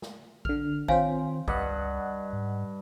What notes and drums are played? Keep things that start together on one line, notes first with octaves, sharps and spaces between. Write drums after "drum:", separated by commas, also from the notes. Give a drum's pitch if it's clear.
drum: snare
D3 F6, drum: kick A#1
D#3 C4 F4 C5 C#5 F5 G#5, drum: kick A#1
C#2 G2 D#5 F#5 F#6, drum: kick A#1
G#2